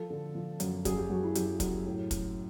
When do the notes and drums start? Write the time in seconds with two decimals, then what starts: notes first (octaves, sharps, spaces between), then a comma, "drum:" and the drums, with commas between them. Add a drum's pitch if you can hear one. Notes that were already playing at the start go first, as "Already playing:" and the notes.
Already playing: F3 A4
0.10 D3
0.35 F3
0.60 F#2, drum: hi-hat
0.85 F#2 G#4, drum: kick, hi-hat
0.98 G4
1.10 F#2 F#4
1.23 E4
1.35 F#2 G4, drum: hi-hat
1.60 F#2, drum: kick, hi-hat
1.86 A2
2.11 drum: kick, hi-hat